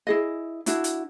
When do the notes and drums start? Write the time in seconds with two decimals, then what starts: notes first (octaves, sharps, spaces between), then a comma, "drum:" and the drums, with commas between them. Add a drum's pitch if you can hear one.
0.07 E4 G#4 D#5
0.66 D4 E4 F#4, drum: hi-hat
0.84 drum: hi-hat